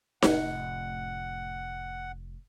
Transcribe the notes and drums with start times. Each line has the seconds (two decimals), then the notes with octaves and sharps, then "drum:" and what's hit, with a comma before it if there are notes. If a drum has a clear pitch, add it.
0.22 F1 A2 F#5, drum: snare D#4